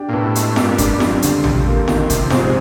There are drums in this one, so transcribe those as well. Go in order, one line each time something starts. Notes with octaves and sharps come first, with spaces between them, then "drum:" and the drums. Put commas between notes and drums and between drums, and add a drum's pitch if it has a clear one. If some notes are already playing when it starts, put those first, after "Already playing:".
Already playing: D4 G4
A#2
A2 B3
G#3, drum: hi-hat
G2 A#3, drum: snare F4
D4, drum: kick F#1, hi-hat
F2 G3, drum: snare F4
F#2
F2 D3, drum: hi-hat
G3, drum: tom
A#3
D#3, drum: snare F4
C3, drum: kick F#1, hi-hat
G#2 C4, drum: snare F4